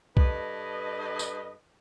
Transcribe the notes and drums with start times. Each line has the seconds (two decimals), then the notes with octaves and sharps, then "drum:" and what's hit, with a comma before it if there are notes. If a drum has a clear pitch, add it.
0.17 G2 A4 B4 D#5, drum: kick
1.19 drum: tambourine